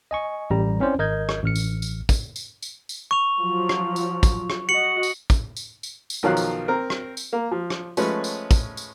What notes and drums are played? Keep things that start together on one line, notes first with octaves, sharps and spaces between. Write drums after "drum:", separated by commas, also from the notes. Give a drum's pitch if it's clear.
D#5 G#5 C#6
A1 G3 G4 A#5
C4 C#4 E4 C5 D5
G#1 A#4 D#5 G6 G#6
drum: rim click
A1 F6 C#7
drum: tambourine
drum: tambourine
drum: kick, tambourine
drum: tambourine
drum: tambourine
drum: tambourine
C#6 F7
F3 F#3 F4
drum: rim click
drum: tambourine
drum: kick, tambourine
drum: rim click
F#4 D#5 C#7 F#7
drum: tambourine
drum: kick, tambourine
drum: tambourine
drum: tambourine
drum: tambourine
B1 D#3 F3 F#3 F5 F#6
drum: tambourine
C4 A#4
drum: rim click
drum: tambourine
A#3
F3
drum: rim click
F3 G#3 A3 C#4 B4 C#5, drum: tambourine
drum: tambourine
drum: kick, tambourine
drum: tambourine